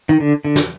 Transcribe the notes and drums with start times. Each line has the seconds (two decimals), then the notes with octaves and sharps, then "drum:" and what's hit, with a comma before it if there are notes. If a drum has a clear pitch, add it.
0.09 D#3
0.20 D3
0.45 D3
0.56 drum: snare